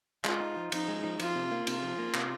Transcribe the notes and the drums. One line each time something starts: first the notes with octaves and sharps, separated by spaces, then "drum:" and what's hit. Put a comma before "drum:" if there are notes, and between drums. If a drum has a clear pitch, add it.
G#3 F4, drum: clap
D#4
F3
F3 D#4, drum: cymbal
G#3
F3
F3 F4, drum: cymbal
C3
A#3
C3 F4, drum: cymbal
F3
A#3
C3, drum: clap